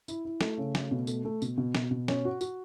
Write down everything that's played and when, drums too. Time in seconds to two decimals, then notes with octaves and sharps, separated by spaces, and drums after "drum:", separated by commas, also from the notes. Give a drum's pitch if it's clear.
0.08 E4, drum: tambourine
0.25 E4
0.41 A3, drum: snare
0.58 C#3
0.75 A3, drum: snare
0.91 B2
1.07 A3, drum: tambourine
1.25 A3
1.42 B2, drum: tambourine
1.57 B2
1.75 B2, drum: snare
1.91 B2
2.08 C#4, drum: snare
2.25 F#4
2.41 F#4, drum: tambourine